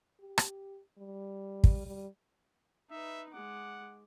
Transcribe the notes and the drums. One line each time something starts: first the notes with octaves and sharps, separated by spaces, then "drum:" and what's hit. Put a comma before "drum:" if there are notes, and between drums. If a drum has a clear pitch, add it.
G4
drum: rim click
G3
drum: kick
G3
D#4 B4 E5
G#3 F#5 D6